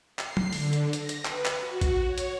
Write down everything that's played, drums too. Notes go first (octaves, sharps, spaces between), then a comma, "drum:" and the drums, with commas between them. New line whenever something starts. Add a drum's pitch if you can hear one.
C7, drum: clap
drum: tom
D3, drum: open hi-hat
drum: hi-hat
A#6, drum: hi-hat
drum: hi-hat
B4, drum: clap
drum: clap
F#4
drum: kick A1, hi-hat
C#5
drum: hi-hat